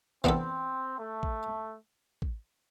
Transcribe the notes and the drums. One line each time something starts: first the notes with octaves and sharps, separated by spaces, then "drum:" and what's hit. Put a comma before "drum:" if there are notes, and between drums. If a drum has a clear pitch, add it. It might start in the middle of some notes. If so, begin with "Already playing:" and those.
E3 B3 C4 D4 A4, drum: kick
A3
drum: kick
drum: kick